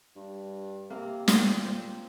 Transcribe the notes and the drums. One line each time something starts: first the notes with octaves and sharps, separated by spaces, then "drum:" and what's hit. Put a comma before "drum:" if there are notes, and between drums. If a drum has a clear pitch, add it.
G2
C3 A#3
A#2 C4, drum: snare
C4